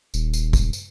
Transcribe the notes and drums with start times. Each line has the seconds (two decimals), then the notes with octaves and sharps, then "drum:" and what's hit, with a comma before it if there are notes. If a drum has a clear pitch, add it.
0.14 D#1, drum: tambourine
0.34 drum: tambourine
0.53 drum: kick, tambourine
0.73 drum: tambourine